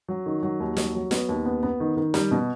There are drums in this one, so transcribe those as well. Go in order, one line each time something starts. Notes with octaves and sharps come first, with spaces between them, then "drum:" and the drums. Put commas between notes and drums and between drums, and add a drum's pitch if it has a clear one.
F#3
D#3
F#3
D#2
F#3, drum: snare
F#3
B3, drum: snare
D#2
B3
B3
D#3
D#3
G3, drum: snare
B2